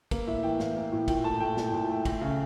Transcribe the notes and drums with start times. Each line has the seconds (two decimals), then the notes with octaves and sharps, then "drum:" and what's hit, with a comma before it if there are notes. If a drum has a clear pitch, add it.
0.11 A#3, drum: kick, cymbal
0.27 A2 E5
0.43 E3 G5
0.59 A2 F5, drum: snare
0.76 A#3
0.92 A2
1.08 A#2 G5, drum: kick, cymbal
1.24 A3 A5
1.40 A3 G5
1.57 A#2, drum: snare
1.73 A#2
1.89 A3
2.05 A3, drum: kick, cymbal
2.21 C#3